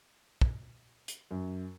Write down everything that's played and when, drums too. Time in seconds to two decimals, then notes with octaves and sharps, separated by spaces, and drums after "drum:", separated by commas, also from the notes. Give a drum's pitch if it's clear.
0.41 drum: kick
1.08 drum: hi-hat
1.31 F#2